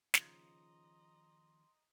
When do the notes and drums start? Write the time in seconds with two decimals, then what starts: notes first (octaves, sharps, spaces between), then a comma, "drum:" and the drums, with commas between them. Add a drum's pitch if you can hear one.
0.14 D#2 C#3 F3 D#5 A#5 C6, drum: snare